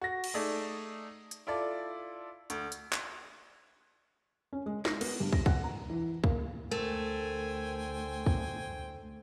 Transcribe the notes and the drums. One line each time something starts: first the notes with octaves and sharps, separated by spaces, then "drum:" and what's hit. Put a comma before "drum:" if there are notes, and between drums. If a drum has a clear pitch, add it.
F#4 A#6
drum: cymbal
A3 D#4 G#4 D5
drum: hi-hat
E4 F4 A4 D5
D2, drum: hi-hat
drum: hi-hat
drum: clap
C#4
G#3
A#6, drum: snare
B3, drum: cymbal
G2
A#6, drum: kick
F#5, drum: kick
A#5
E3
A#3, drum: kick
D2 A3 A#4 C5 G5 G#5
drum: kick